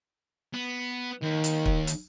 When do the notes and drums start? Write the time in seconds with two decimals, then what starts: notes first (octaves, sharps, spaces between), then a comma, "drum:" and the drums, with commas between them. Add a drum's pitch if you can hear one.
0.54 B3
1.22 D#2 D#3
1.44 drum: hi-hat
1.66 drum: kick
1.87 drum: hi-hat